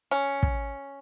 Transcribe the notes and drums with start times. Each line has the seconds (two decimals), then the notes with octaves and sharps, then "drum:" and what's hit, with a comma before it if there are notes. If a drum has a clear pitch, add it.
0.11 C#4
0.43 drum: kick